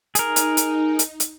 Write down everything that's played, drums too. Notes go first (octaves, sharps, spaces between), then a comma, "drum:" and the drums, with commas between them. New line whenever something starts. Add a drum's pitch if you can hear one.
D#4 G#4 A#4, drum: hi-hat
drum: hi-hat
drum: hi-hat
drum: hi-hat
drum: hi-hat